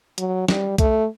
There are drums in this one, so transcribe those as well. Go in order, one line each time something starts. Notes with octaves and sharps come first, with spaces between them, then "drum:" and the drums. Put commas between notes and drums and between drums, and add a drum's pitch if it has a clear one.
F#3, drum: hi-hat
G3, drum: snare
A3, drum: kick C2, hi-hat